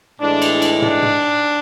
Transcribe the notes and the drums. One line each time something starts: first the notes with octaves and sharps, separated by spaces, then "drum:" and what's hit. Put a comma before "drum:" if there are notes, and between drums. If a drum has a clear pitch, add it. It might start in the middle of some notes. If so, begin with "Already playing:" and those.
A2 E3 G#3 D4
drum: cymbal
drum: cymbal
D4, drum: tom
drum: tom